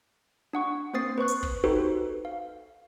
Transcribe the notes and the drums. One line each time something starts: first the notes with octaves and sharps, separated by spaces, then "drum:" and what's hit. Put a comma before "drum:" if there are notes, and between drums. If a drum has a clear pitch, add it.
D4 F#5 C#6
A#3 C4 C5 D#6 A6 C7
B4 C5 C#6 F#6
drum: hi-hat
drum: kick
D#4 F#4 G4 A4 B4 C5
F5